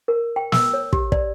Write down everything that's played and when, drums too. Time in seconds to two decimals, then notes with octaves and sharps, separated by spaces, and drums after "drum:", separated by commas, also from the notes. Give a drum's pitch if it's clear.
0.08 A#4
0.36 G5
0.52 E6, drum: snare
0.74 C#5
0.93 G4, drum: kick
1.12 D5, drum: kick